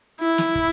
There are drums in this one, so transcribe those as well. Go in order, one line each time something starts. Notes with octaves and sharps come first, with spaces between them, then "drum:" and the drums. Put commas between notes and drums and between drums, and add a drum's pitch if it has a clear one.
E4, drum: hi-hat
drum: snare
drum: kick, hi-hat